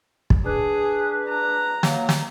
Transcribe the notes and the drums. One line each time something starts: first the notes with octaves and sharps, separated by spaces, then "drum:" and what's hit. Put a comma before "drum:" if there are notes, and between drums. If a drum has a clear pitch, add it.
drum: kick
D4 G#4 B4
A#5
F#3 A#3, drum: snare
drum: snare